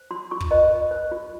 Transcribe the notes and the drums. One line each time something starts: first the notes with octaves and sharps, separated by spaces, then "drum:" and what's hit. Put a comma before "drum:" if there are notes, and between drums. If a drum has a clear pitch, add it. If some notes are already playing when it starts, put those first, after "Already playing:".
Already playing: C5
F4 C6
F4 C#6
drum: kick
C5 D#5
C5
C5
F4